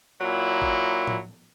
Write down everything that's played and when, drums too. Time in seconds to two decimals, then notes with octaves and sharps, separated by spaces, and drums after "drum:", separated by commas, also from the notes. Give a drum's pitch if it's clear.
0.21 A#2 F#3 E4
0.62 drum: kick G#1
1.07 drum: tom A2